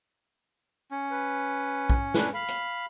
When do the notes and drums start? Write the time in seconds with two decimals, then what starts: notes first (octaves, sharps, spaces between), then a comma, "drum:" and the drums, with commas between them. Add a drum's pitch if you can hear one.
0.91 C#4
1.11 B4
1.90 drum: kick
2.14 D4 B4, drum: snare
2.34 F5 B5
2.48 drum: hi-hat